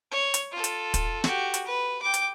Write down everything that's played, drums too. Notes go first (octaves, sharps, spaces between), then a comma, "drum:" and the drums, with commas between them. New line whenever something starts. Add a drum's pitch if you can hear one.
C#5
drum: hi-hat
F4 A4
drum: hi-hat
drum: kick, hi-hat
F#4 G4, drum: snare
drum: hi-hat
B4
G5 D6
drum: hi-hat